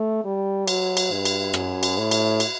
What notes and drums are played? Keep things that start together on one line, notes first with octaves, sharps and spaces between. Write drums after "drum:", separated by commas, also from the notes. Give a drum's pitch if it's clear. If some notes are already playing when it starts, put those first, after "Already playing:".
Already playing: A3
G3
F#3, drum: cymbal
drum: cymbal
G2
drum: cymbal
F#2, drum: rim click
drum: cymbal
A2
drum: cymbal
drum: cymbal